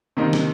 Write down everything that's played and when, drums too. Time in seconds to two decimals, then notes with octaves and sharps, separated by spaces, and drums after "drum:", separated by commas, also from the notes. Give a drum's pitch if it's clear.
0.17 C3 D#3 A#3 D#4
0.33 drum: snare